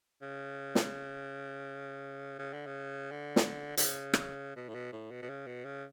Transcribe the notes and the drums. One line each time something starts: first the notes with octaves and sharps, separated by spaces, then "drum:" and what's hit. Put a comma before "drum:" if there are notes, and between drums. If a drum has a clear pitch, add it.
C#3
drum: snare
C#3
D3
C#3
D3
drum: snare
D3, drum: hi-hat
C#3
drum: rim click
B2
A2
B2
A2
B2
B2
C#3
B2
C#3